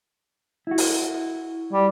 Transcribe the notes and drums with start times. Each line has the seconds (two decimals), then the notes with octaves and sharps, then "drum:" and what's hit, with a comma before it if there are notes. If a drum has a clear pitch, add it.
0.67 E4 F#4
0.78 drum: open hi-hat
1.73 G3